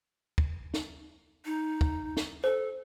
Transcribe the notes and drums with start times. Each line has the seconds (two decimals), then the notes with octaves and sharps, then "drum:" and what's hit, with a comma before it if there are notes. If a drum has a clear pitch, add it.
0.38 drum: kick
0.74 drum: snare
1.45 D#4
1.81 drum: kick
2.17 drum: snare
2.44 A4 C5